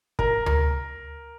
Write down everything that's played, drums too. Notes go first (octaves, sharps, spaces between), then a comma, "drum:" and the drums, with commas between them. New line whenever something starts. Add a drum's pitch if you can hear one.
A#4, drum: kick
A#4, drum: tom D2